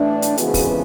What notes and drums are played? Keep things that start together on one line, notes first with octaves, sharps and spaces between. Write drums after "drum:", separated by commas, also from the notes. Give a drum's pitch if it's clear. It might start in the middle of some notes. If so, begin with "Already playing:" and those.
Already playing: A2 E3 A3 D4
drum: hi-hat
F2 C#3 E3 G#3 B3 F#4 G#4, drum: hi-hat
drum: kick, open hi-hat